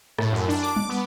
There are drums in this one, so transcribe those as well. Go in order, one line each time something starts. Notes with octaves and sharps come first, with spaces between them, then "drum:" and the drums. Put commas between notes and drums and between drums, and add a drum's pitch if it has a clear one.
A2, drum: rim click
F#2
D4
D6
drum: tom G3
B3